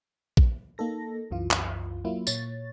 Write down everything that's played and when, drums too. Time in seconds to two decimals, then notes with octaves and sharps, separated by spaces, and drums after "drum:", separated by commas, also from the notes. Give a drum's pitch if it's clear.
0.37 drum: kick A#1
0.78 A#3 D#4 A4 A#6
1.31 C2 F#2 E3 F4
1.51 drum: clap
2.05 F#3 A#3 E4 F4
2.27 A#2 C#5 A6, drum: tambourine